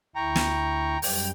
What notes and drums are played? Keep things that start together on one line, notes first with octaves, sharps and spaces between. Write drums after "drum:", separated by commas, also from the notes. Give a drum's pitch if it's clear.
D2 E4 G5 A#5 C#6
drum: snare
F#2 G3 G5, drum: open hi-hat